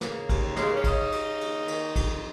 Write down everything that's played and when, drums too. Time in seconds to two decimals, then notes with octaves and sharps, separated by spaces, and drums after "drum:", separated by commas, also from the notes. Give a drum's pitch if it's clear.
0.01 C#3 A#3, drum: snare
0.29 D#2, drum: kick, cymbal
0.57 C#3 G#3, drum: snare
0.66 A#3
0.76 C#4
0.84 C#3 D#4, drum: kick, cymbal
1.12 C#3, drum: cymbal
1.41 D#2, drum: cymbal
1.68 D#3, drum: cymbal
1.96 F2, drum: kick, cymbal